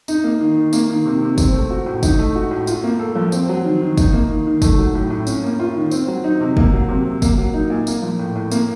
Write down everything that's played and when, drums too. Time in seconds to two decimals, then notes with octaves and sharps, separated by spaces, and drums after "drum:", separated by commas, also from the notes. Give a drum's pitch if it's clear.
0.08 D#4, drum: tambourine
0.24 A#3
0.40 D#3
0.56 D#3
0.73 A#3, drum: tambourine
0.89 D#3
1.05 C3
1.22 C3
1.38 C4, drum: kick, tambourine
1.54 A3
1.70 F#4
1.86 A2
2.03 D#4, drum: kick, tambourine
2.19 A3
2.35 F#4
2.51 A2
2.67 F4, drum: tambourine
2.84 A#3
3.00 A4
3.15 F3
3.32 C4, drum: tambourine
3.49 F#3
3.64 D#3
3.81 D#3
3.97 D#4, drum: kick, tambourine
4.13 A#3
4.29 D#3
4.46 D#3
4.62 A3, drum: kick, tambourine
4.79 F#3
4.95 A2
5.10 A2
5.27 C#4, drum: tambourine
5.44 A#3
5.59 F4
5.76 D#3
5.91 C4, drum: tambourine
6.08 F#3
6.24 D#4
6.41 C3
6.57 A#3, drum: kick
6.73 F#3
6.89 C3
7.05 C3
7.22 A#3, drum: kick, tambourine
7.38 F#3
7.54 D#4
7.70 A#2
7.87 A#3, drum: tambourine
8.03 F3
8.19 A2
8.35 A2
8.52 A#3, drum: tambourine